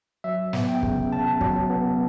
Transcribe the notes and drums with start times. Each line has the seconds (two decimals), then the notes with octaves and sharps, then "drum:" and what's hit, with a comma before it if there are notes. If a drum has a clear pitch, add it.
0.24 F#3 E5
0.53 B3, drum: snare
0.68 G5
0.83 C#3, drum: kick
1.11 C#3 A5
1.41 F#3, drum: kick
1.70 B3